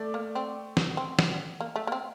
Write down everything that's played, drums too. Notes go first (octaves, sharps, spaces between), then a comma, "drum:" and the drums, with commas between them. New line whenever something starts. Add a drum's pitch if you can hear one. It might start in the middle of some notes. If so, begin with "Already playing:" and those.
Already playing: A3 D5
A#3
C4
drum: snare
C4
drum: snare
A#3
A3
A#3
C4